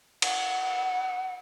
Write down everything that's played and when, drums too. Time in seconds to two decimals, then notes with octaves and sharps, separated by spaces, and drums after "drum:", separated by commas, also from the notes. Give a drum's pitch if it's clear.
0.22 F#5, drum: cymbal